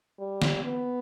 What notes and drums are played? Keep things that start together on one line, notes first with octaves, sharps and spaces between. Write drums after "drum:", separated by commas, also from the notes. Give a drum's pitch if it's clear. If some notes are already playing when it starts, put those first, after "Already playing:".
G3
drum: snare
B3